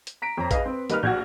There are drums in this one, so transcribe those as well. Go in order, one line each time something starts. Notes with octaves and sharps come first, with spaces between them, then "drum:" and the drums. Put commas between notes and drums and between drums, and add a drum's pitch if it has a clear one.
drum: hi-hat
A#5 B6 D7
F2 C5 C#5 A#5
G#4 B4 D#5 F5, drum: kick A1, hi-hat
C4
G3 A#3 D#4 B4 F6, drum: hi-hat
A#1 F#4 G6 G#6